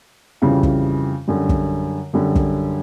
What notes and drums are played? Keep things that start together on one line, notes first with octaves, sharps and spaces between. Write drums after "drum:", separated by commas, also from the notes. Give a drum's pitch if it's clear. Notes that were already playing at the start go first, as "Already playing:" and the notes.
F2 C#3 E3 G3
drum: kick
F#2 D3 G3
drum: kick
F#2 D3 G3
drum: kick